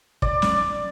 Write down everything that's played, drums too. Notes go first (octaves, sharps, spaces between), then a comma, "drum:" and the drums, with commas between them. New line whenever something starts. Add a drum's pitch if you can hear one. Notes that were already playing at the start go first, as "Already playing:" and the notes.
D5, drum: kick
drum: snare